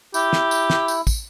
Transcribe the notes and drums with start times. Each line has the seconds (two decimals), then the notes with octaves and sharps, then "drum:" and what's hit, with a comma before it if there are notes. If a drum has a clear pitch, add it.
0.14 E4 G4, drum: tambourine
0.33 drum: snare
0.51 drum: tambourine
0.70 drum: snare
0.88 drum: tambourine
1.07 drum: kick, tambourine